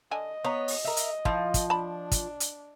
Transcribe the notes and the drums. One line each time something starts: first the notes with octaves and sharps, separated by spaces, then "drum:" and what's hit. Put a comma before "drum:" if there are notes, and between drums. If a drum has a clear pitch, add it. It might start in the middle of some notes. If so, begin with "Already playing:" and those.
D3 D4 D#5 G#5
B3 C#5 F5 A#5
drum: open hi-hat
A#4 E5
drum: hi-hat
F3 E4, drum: kick
drum: kick, hi-hat
D4 A5 B5
drum: kick, hi-hat
drum: hi-hat